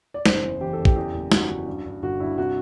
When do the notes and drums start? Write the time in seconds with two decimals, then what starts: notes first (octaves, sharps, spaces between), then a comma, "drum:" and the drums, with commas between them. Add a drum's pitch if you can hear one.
0.14 D5
0.26 F#1 C5, drum: snare
0.43 E2
0.61 E3 G4
0.73 A4
0.79 F#1
0.85 G4, drum: kick
0.96 E2
1.14 F#1
1.32 F#1 F#4, drum: snare
1.49 E2
1.67 G2
1.85 G2
2.02 G1 F#4
2.20 G2 E4
2.38 C3 F#4